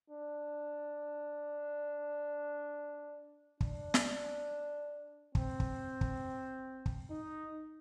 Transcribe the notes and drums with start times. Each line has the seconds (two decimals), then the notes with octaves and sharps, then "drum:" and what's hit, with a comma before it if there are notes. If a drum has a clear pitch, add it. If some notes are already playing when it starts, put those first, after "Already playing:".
0.11 D4
3.61 D4, drum: kick
3.94 drum: snare
5.35 C4, drum: kick
5.60 drum: kick
6.01 drum: kick
6.86 drum: kick
7.10 D#4